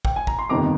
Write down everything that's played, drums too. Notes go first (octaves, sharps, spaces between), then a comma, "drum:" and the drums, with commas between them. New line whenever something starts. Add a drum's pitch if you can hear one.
G5, drum: kick
G#5
A#5, drum: kick
C6
G1 F2 C3 D#3 A#5 D6